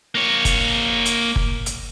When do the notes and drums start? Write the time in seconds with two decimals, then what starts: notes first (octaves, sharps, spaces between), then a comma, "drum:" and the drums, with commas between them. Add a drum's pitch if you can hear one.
0.15 A#3 C#5
0.45 drum: kick F#1, hi-hat
1.06 drum: hi-hat
1.36 drum: kick F#1
1.66 drum: hi-hat